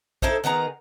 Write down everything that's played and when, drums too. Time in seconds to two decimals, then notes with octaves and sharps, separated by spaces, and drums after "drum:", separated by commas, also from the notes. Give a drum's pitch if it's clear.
0.22 D#4 E4 A4 C5, drum: kick A#1
0.44 D#3 B3 G#4 A#5